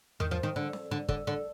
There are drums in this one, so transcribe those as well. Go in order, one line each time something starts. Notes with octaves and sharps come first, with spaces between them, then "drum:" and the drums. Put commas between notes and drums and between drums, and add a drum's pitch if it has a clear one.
D#3, drum: tom E2
F3
D#3
D3
drum: snare
D3
D3, drum: kick
D3